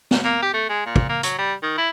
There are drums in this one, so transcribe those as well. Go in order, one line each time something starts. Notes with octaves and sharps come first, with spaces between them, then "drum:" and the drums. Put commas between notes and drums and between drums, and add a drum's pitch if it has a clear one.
drum: snare
A#3
G4
A3
G#3
A#2
drum: kick
A#3
F#3, drum: hi-hat
G3
D#3
E4